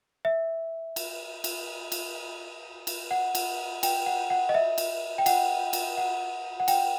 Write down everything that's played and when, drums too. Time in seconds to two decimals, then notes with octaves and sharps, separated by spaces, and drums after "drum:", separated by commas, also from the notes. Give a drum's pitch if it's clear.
0.25 E5
0.96 drum: cymbal
1.44 drum: cymbal
1.92 drum: cymbal
2.87 drum: cymbal
3.11 F#5
3.35 drum: cymbal
3.83 G5, drum: cymbal
4.06 F#5
4.30 F#5
4.49 D#5
4.54 E5
4.78 drum: cymbal
5.18 G5
5.26 F#5, drum: cymbal
5.73 drum: cymbal
5.97 F#5
6.60 F#5
6.68 G5, drum: cymbal